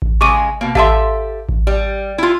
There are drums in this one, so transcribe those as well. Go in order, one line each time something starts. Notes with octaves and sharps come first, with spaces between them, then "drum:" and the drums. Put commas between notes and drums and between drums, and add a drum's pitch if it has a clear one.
drum: kick A1
C#3 G#3 G#4 C#6 D6 D#7
B2 A#3
G4 A4 E5 F5 A5 C6, drum: kick A1
drum: kick A1
G3
E4 F4